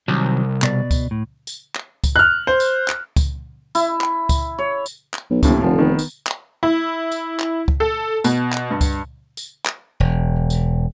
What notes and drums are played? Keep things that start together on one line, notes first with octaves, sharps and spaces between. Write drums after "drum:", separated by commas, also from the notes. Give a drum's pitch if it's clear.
C2 C3 D#3 F#3
B2 D5, drum: clap
drum: kick C#2, tambourine
A2
drum: tambourine
drum: clap
drum: kick C#2, tambourine
F6 F#6
C5
drum: tambourine
drum: clap
drum: kick C#2, tambourine
E4, drum: tambourine
drum: clap
drum: kick C#2, tambourine
C#5
drum: tambourine
drum: clap
B1
G1 D#2 A2 C3, drum: kick C#2, tambourine
F1 D3 F3
D#3 B3
drum: tambourine
drum: clap
E4
drum: tambourine
drum: clap
drum: kick C#2
A4
B2, drum: tambourine
drum: clap
G2
drum: kick C#2, tambourine
drum: tambourine
drum: clap
E1
drum: tambourine